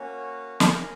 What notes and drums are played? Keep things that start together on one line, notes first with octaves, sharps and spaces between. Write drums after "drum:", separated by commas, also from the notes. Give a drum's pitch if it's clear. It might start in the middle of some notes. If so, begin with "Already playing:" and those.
Already playing: A#3 C#4 F#4 C#5
C#4 G#4 A#4, drum: snare